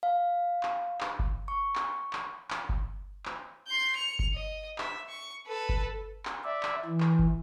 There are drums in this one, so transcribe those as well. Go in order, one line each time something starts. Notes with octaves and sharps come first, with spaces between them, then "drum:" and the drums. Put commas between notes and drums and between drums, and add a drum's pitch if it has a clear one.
F5
drum: clap
drum: clap
drum: kick G1
C#6
drum: clap
drum: clap
drum: clap
drum: kick G1
drum: clap
C6 G6
C#7 F7
drum: kick G1
D#5
E5, drum: clap
C#6
A4 B4
drum: kick G1
drum: clap
D5 E5
drum: clap
E3
drum: clap
drum: kick G1